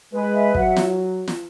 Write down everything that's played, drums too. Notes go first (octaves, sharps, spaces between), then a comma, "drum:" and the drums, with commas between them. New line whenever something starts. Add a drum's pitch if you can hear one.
G#3 B4
E5
F#3 F#5, drum: kick
drum: snare
drum: snare